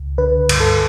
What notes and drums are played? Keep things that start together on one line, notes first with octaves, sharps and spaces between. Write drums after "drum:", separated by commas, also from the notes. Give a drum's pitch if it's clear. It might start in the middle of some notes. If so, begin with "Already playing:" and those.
Already playing: C#2
D3 B4
G2, drum: cymbal
A4